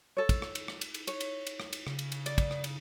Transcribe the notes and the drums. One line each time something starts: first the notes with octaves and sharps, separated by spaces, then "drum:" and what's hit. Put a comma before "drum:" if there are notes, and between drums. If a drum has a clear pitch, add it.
A4 C#5
drum: kick, cymbal
drum: rim click
drum: cymbal
drum: rim click
drum: cymbal
drum: cymbal
C#5, drum: cymbal
drum: cymbal
drum: cymbal
drum: rim click
drum: cymbal
C#3, drum: rim click
drum: cymbal
drum: cymbal
D5, drum: cymbal
drum: kick, cymbal
drum: rim click
drum: cymbal